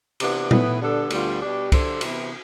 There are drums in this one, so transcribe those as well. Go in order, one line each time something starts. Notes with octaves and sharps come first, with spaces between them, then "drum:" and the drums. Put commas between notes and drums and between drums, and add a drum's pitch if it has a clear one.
C3 E3 B3 D4 G4, drum: cymbal
A2 E3 B3, drum: tom A#2
D3 G3 B3 D4 A4
D2 D3 G3 B3 F4, drum: cymbal
B2 G3 D4 G4
D3 G3 D4 A4 C5, drum: kick, cymbal
C3 E3 B3, drum: cymbal